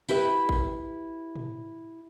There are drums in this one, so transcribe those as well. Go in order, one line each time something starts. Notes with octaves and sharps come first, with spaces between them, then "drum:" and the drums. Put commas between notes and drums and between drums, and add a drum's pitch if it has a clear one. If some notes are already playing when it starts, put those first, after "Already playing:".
E4 G4 B4 E5, drum: tambourine
drum: kick A1
drum: tom